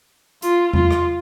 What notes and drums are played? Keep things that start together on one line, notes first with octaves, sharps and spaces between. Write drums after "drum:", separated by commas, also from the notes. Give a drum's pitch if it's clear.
F4, drum: hi-hat
F4, drum: tom E2
drum: rim click